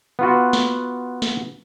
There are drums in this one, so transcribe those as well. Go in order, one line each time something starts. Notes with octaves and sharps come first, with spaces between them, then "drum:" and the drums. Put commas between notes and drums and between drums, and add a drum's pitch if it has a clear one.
B3 F4 F#4
drum: snare
drum: snare